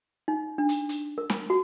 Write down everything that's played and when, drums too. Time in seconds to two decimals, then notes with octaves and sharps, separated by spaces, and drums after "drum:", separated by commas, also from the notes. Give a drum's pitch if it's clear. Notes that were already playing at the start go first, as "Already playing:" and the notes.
0.28 D#4
0.58 D4
0.69 drum: hi-hat
0.89 drum: hi-hat
1.18 A#4
1.30 drum: snare
1.50 F#4